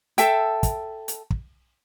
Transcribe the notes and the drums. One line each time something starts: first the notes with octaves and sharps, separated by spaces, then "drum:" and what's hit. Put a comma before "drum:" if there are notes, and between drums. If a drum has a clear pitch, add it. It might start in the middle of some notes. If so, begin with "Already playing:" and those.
A4 E5 G5, drum: hi-hat
drum: kick, hi-hat
drum: hi-hat
drum: kick